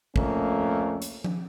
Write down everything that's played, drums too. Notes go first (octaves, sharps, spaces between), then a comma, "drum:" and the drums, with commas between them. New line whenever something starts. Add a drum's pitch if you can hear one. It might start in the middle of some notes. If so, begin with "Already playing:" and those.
F2 A3 A#3 C#4, drum: kick
drum: hi-hat
drum: tom F3